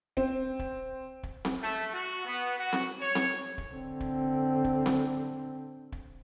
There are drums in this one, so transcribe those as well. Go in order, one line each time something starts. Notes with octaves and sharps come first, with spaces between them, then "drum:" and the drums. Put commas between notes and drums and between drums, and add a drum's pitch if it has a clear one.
C4, drum: kick
drum: kick
drum: kick
drum: snare C4
A3
F#4
B3
F#4
drum: snare C4
C#5
drum: snare C4
drum: kick
D3 C4
drum: kick
drum: kick
drum: snare C4
drum: kick